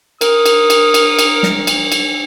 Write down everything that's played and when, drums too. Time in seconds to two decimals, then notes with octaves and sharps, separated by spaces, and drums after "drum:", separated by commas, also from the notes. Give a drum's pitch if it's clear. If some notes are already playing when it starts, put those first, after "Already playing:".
0.21 A#4 D#6, drum: cymbal
0.46 drum: cymbal
0.70 drum: cymbal
0.94 drum: cymbal
1.19 drum: cymbal
1.43 drum: snare
1.67 drum: cymbal
1.92 drum: cymbal